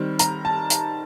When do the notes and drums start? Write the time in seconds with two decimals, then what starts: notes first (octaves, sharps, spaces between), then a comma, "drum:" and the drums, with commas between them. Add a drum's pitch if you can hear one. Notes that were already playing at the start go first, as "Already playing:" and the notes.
Already playing: D#3 G3 C4
0.19 A#5, drum: hi-hat
0.45 A5
0.70 drum: hi-hat